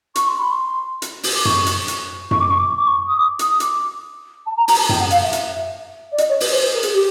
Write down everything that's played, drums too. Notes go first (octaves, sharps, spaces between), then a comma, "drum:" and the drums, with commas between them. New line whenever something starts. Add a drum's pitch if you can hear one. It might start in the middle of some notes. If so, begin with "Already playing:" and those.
C#6, drum: hi-hat
C6
B5
C6
drum: hi-hat
drum: open hi-hat
D6
C#6, drum: tom F#2
drum: hi-hat
drum: hi-hat
C#6, drum: tom F#2
D6
C#6
D6
C#6
D6
C#6
D#6
D6
D#6, drum: hi-hat
D6, drum: hi-hat
A5
A#5
A#5, drum: open hi-hat
A5
G5, drum: tom F#2
F#5
F5, drum: hi-hat
E5
E5, drum: hi-hat
D5
D#5, drum: hi-hat
C#5
B4, drum: open hi-hat
C5
B4
A#4
G#4, drum: hi-hat
G4